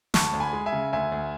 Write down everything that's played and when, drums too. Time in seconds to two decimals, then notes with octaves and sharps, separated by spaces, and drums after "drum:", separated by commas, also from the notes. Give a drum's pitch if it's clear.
0.14 D2 A5 C#6, drum: snare
0.33 D2
0.40 G#5 B5
0.53 G#3
0.66 E5 G#5
0.73 C#3
0.93 D2 E5 G#5
1.12 D2